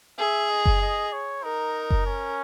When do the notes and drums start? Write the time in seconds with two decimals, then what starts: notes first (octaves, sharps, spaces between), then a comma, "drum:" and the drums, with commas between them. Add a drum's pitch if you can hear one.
0.19 G#4 E5
0.50 D#5
0.66 drum: kick F#1
0.81 D#5
1.12 C#5
1.44 D#4 A#4
1.90 drum: kick F#1
2.06 C#4